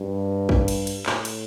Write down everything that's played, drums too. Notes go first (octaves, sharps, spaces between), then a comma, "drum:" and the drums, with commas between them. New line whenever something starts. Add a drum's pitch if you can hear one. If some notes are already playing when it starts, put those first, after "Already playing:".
Already playing: G2
drum: kick
drum: cymbal
drum: cymbal
A2, drum: clap
drum: cymbal